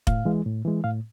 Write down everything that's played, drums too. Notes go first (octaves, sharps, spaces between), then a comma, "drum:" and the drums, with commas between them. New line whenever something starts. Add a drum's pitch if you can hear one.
A2 F5, drum: kick F1
E3 G#3
A2
E3 G#3
A2 F5